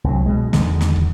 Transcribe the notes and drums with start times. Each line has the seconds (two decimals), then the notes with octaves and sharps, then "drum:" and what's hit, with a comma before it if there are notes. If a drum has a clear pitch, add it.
0.04 C2 F#3
0.26 B2 G#3
0.53 E2 D3 D#3 G#3, drum: snare
0.81 drum: snare
0.96 drum: kick